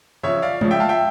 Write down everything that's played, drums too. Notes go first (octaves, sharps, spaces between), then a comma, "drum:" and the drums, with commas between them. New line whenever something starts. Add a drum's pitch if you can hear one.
C#3 F3 C#5 E5
D5 F5
C#3 F3, drum: tom G#3
E5 G5
F5 A5
E5 G5